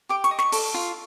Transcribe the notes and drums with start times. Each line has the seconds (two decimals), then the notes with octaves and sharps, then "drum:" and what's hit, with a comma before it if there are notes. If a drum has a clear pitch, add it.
0.09 G4 D6
0.24 C#6, drum: hi-hat
0.31 D#5
0.39 C#6, drum: snare
0.52 A4, drum: open hi-hat
0.74 F4